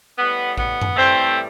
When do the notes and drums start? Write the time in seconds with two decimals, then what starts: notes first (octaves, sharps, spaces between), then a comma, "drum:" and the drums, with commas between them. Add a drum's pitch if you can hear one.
0.18 A2 G3 B3
0.58 B3, drum: kick A1
0.82 drum: tom F#2
0.97 A2 E3 G3 A3 C4